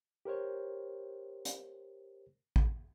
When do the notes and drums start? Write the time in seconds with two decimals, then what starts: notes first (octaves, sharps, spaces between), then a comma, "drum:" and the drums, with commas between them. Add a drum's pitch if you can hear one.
0.25 G4 A#4 C5 C#5
1.45 drum: hi-hat
2.56 drum: kick